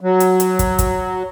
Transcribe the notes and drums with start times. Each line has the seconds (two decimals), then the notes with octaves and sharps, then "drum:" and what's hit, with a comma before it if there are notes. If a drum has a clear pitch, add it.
0.01 F#3
0.20 drum: hi-hat
0.40 drum: hi-hat
0.59 drum: kick, hi-hat
0.79 drum: kick, hi-hat